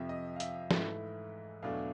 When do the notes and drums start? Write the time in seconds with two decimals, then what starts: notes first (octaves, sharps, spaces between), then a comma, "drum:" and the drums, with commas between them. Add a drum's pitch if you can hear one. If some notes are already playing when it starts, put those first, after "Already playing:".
Already playing: F2 C3 F3 E5
0.09 D#5
0.36 F5
0.40 E5, drum: hi-hat
0.71 G#2 E3 A3, drum: snare
1.63 E2 B2 F#3 A3 D4 F5